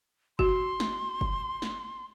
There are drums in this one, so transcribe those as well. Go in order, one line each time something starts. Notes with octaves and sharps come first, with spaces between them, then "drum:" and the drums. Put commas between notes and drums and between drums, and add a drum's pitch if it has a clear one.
F#4 C6, drum: kick F#1
drum: snare
drum: kick F#1
drum: snare